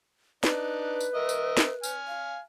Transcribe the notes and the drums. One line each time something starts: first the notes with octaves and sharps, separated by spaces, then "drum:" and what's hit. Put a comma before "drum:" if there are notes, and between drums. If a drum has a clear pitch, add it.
D4 D#4 B4, drum: snare
drum: tambourine
A#4 D#5 E5
drum: tambourine
drum: snare
G#5 F6, drum: tambourine
F5